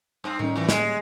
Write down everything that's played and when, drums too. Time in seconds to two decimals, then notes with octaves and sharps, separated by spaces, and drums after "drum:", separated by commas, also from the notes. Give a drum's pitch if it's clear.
0.24 G2 C4 D#6
0.39 A2 D#3 G3 C#4
0.56 A#2 E3
0.69 G#3, drum: snare